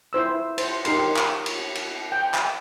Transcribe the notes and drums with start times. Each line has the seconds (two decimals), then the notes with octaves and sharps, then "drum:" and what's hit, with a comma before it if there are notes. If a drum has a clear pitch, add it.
0.13 E4 C5 E6
0.58 C5, drum: cymbal
0.85 D#4 G4 A#4 C6, drum: cymbal
1.17 drum: clap
1.46 drum: cymbal
1.75 drum: cymbal
2.12 G5
2.34 drum: clap